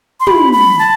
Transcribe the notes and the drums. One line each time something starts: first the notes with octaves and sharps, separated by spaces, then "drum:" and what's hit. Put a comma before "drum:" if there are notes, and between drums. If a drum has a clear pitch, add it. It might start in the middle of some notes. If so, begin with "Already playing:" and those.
C6
B5, drum: tom
B5
A5